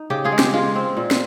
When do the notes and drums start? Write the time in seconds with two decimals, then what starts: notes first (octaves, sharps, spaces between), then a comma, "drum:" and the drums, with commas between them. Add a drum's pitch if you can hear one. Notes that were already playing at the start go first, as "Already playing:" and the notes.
Already playing: D#4
0.10 C#3 G4
0.24 F4 G#4
0.32 G#3
0.39 G4, drum: snare
0.53 G#3 F4
0.75 C4
0.97 A#2
1.11 drum: snare